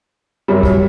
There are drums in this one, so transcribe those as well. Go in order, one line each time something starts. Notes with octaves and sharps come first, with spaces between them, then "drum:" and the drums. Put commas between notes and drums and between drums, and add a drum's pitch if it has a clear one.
F#2 F#3 G3
drum: kick